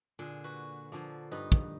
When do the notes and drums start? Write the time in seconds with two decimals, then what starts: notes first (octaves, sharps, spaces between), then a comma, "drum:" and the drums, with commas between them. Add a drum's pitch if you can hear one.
0.19 A#2 D3 G#4
0.44 F#4 B4
0.92 D3 F3 A#3
1.32 G2 D#4 B4
1.52 drum: kick